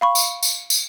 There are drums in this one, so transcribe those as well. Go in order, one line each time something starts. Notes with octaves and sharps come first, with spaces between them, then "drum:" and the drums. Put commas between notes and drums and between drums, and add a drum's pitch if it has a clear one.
F5 B5 C#6
drum: tambourine
drum: tambourine
drum: tambourine